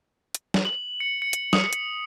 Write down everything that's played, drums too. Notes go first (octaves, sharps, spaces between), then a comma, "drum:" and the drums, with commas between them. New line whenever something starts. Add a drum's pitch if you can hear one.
drum: hi-hat
drum: snare
F#7
C#7
C#7
drum: hi-hat
D#6, drum: snare
drum: hi-hat